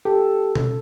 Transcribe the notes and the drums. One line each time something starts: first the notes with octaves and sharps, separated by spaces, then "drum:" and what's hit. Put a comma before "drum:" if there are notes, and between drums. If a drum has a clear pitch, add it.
G4 A4
drum: tom B2